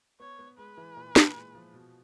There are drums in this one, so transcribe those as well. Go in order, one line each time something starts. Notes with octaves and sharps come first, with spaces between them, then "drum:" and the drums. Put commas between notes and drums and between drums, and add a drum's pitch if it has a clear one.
B3 C#5
B3
G#3 B4
E3
A#2
A#2, drum: snare
G#3
F3
B2